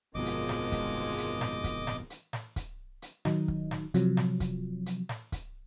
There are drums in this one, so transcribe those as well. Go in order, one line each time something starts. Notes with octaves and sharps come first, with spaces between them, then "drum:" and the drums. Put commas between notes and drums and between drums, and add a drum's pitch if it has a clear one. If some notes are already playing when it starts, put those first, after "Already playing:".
G1 F2 B2 D#3 F3 G#3 D#5 D6
drum: hi-hat
drum: snare
drum: kick, hi-hat
drum: hi-hat
drum: snare
drum: kick, hi-hat
drum: snare
drum: hi-hat
drum: snare
drum: kick, hi-hat
drum: hi-hat
D#3 F#3 D#4, drum: snare
drum: kick
drum: snare
C3 F3 F#3, drum: hi-hat
drum: snare
drum: kick, hi-hat
drum: hi-hat
drum: snare
drum: kick, hi-hat